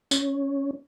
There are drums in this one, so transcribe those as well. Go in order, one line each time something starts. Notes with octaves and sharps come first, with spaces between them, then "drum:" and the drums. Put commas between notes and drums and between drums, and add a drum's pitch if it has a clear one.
C#4, drum: tambourine